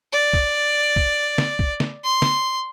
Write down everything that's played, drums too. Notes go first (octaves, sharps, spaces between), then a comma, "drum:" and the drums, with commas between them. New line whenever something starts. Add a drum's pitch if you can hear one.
D5
drum: kick
drum: kick
drum: snare
drum: kick
drum: snare
C6
drum: snare